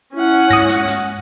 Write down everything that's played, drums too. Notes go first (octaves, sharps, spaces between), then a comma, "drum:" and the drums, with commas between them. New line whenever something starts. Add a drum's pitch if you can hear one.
C#4 E4 F#5
G#2 D#6 A#6, drum: hi-hat
drum: hi-hat
drum: hi-hat